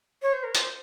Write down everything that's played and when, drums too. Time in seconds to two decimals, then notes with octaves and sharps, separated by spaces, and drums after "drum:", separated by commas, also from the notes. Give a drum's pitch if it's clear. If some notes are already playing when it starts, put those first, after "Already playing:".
0.22 C#5
0.33 C5
0.44 A#4
0.55 C5, drum: hi-hat